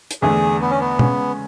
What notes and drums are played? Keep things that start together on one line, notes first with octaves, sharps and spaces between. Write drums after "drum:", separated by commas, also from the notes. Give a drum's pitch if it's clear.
drum: hi-hat
E2 D3 A3 G#4
B3
C#4
B3
C#3 G#3 C#4, drum: tom